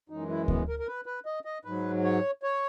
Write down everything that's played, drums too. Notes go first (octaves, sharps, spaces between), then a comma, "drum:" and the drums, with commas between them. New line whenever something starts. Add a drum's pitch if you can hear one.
F#2 E3 G#3 D#4
E4
B3, drum: kick D2
A#4
A#4
B4
B4
D#5
D#5
G#2 F#3 B4
C#5
C#5